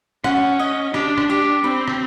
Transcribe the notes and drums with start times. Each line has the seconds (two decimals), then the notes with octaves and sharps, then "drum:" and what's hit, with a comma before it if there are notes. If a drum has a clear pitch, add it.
0.24 C#4 F#5, drum: rim click
0.59 D#5
0.94 D4 G4, drum: rim click
1.18 drum: rim click
1.30 G4
1.64 C4 B5
1.88 drum: rim click